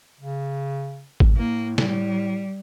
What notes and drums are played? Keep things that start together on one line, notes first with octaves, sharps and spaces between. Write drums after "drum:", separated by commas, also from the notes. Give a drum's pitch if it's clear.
C#3
drum: kick G#1
A2 A#3
G3, drum: snare